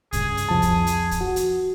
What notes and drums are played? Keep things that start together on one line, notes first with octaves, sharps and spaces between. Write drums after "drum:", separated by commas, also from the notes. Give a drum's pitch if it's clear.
C#2 G2 C#3 G#4, drum: kick, hi-hat
drum: hi-hat
C2 F2 C3 F3 A5
drum: kick, hi-hat
drum: hi-hat
drum: kick, hi-hat
F#4
drum: hi-hat